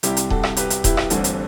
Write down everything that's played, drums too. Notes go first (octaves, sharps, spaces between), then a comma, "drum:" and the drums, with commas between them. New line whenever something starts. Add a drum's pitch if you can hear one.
C2 C3 G3 E4 G4, drum: hi-hat
drum: hi-hat
F#4 A4, drum: kick D#1
drum: rim click
G4 B4, drum: hi-hat
drum: hi-hat
E4 G4, drum: kick D#1, hi-hat
drum: rim click
G1 G2 E3 A3 C4 D4 F#4, drum: hi-hat
drum: hi-hat